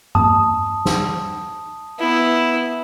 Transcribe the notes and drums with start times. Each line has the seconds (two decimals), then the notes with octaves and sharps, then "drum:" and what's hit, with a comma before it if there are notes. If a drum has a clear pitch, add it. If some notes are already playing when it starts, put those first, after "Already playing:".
0.15 A5 D#6, drum: tom G2
0.85 drum: snare
1.99 B3 E4